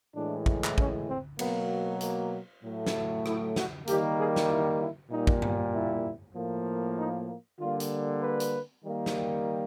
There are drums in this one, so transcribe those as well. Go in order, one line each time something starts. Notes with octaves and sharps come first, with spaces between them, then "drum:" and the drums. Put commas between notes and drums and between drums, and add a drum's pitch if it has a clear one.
A2 E3 G#3 D4
drum: kick
drum: clap
C#4, drum: kick
C4
B2 F#3 A#3 B3, drum: cymbal
A#3, drum: hi-hat
A2 F#3 A3
drum: snare
E4, drum: rim click
F#4, drum: snare
D#3 G3 A#3 G4, drum: hi-hat
G#4
drum: snare
E4
E4
A#2 G3 A#3 D#4
drum: kick
drum: tom G2
E4
A2 F3 A#3
D#4
D3 G3 A#3 F4
drum: hi-hat
B4
drum: hi-hat
D#3 G3 A#3
drum: snare